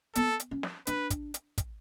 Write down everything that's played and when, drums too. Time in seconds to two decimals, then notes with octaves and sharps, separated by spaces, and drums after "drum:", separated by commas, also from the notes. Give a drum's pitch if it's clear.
0.15 B3 A4, drum: hi-hat
0.40 drum: hi-hat
0.51 C#4
0.63 drum: snare
0.87 D4 B4, drum: hi-hat
1.10 drum: kick, hi-hat
1.34 drum: hi-hat
1.58 drum: kick, hi-hat